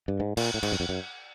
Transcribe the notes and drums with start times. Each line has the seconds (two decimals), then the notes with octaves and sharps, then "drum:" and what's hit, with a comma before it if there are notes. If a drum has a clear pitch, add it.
0.08 G2
0.20 G#2
0.37 A#2, drum: cymbal
0.54 A2
0.63 G#2, drum: cymbal
0.72 F#2
0.80 F2
0.89 F#2